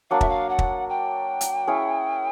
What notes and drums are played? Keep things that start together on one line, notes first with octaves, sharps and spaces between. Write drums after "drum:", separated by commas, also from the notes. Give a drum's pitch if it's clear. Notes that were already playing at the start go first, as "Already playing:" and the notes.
F#3 A#3 D4 F5
E5, drum: kick
F5
F#5
drum: kick
G5
drum: hi-hat
C#4 E4 G#4 C#5